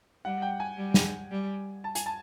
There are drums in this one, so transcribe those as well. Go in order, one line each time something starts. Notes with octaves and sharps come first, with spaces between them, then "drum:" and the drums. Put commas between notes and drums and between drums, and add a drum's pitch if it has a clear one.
G3 F#5
G5
G#5
G3
drum: snare
G3
A5
G#5, drum: hi-hat
A5